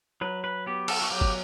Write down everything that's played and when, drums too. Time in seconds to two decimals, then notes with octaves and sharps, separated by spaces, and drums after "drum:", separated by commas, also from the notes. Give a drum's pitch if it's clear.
0.21 F#3 B4
0.44 B4
0.66 B3 G4
0.88 A4, drum: cymbal
1.02 F#4
1.10 F#3 G4
1.21 drum: kick